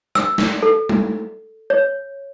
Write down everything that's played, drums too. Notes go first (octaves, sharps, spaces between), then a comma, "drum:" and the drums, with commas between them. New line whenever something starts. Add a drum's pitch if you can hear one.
E6, drum: rim click
drum: snare
A4
drum: tom G3
C#5